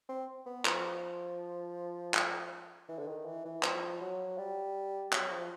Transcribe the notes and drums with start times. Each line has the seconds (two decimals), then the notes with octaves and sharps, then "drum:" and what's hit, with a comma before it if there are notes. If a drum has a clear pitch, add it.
0.09 C4
0.46 B3
0.65 F3, drum: clap
2.14 drum: clap
2.88 E3
2.99 D3
3.08 D#3
3.26 E3
3.45 E3
3.63 F3, drum: clap
4.01 F#3
4.38 G3
5.13 F#3, drum: clap
5.31 F3